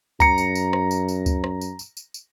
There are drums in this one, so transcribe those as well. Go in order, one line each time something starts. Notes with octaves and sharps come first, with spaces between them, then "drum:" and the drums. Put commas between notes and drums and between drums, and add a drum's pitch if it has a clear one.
F#2 A#5 C#7, drum: kick C#2, tambourine
drum: tambourine
drum: tambourine
drum: rim click
drum: tambourine
drum: tambourine
drum: kick C#2, tambourine
drum: rim click
drum: tambourine
drum: tambourine
drum: tambourine
drum: tambourine